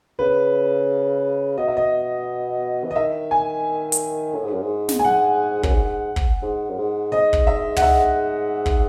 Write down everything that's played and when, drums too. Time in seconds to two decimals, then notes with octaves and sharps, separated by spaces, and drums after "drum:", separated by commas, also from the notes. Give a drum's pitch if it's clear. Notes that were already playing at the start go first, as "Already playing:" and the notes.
0.19 C#3 B4
1.57 B2 D#5
1.68 E5
1.77 D#5
2.84 E3
2.91 D#5
2.96 D#3 E5
3.31 G#5
3.92 drum: hi-hat
4.35 A2
4.44 G#2
4.52 F#2
4.62 G#2
4.89 drum: snare
4.99 G#5
5.04 F#5
5.63 F#2, drum: kick
5.74 G#2
6.16 drum: kick
6.42 G#2
6.70 F#2
6.78 G#2
7.12 G#2 D#5
7.33 drum: kick
7.47 E5
7.76 F#5, drum: tom
7.82 E5
8.66 drum: kick